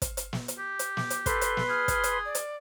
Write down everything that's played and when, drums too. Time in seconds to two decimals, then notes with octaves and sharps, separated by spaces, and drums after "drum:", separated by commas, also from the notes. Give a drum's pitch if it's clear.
0.02 drum: kick, hi-hat
0.17 drum: hi-hat
0.33 drum: snare
0.48 drum: hi-hat
0.59 G4
0.79 drum: hi-hat
0.97 D6, drum: snare
1.10 drum: hi-hat
1.26 A4 B4 C6, drum: kick, hi-hat
1.41 drum: hi-hat
1.57 drum: snare
1.69 G#4 F6
1.88 drum: kick, hi-hat
2.04 drum: hi-hat
2.25 D5
2.35 drum: hi-hat